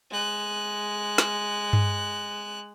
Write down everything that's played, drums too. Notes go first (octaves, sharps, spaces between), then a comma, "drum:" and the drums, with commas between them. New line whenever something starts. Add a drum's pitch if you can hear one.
G#3 F#6
drum: snare
drum: tom G2